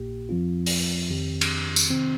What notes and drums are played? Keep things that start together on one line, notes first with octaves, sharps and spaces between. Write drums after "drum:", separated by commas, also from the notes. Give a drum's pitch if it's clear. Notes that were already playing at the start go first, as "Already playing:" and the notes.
Already playing: A#1 A#2 A#3 G4
F2 F3 C4 F4
drum: open hi-hat
F2 D#3 C4 G4
drum: cymbal
drum: tambourine
C3 D#3 C4